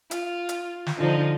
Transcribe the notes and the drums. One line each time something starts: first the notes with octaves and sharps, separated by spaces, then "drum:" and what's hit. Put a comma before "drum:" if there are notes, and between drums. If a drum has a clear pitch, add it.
F4, drum: hi-hat
drum: hi-hat
drum: snare
D3 F3 D#4 F4